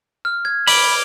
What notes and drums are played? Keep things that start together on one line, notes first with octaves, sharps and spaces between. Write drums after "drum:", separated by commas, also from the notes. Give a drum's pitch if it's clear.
F6
G#6
B5 D6 D7 G7, drum: open hi-hat